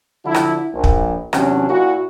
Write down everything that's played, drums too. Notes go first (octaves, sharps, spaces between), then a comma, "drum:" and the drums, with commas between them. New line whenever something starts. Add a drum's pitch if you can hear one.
D3 F3 E4
drum: rim click
A#1
drum: kick
E2 C3 F#3 C#4 D4, drum: rim click
A#2 E4 F#4